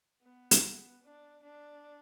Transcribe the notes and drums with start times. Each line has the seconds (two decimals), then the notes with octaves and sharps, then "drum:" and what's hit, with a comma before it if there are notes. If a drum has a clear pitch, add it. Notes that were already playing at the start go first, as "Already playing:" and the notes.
0.22 B3
0.51 drum: hi-hat
1.03 D4
1.43 D4